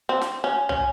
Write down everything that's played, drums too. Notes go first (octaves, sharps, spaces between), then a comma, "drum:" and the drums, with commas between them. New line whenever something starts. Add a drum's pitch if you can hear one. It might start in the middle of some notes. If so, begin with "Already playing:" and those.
C4
drum: snare
C#4
C#4, drum: tom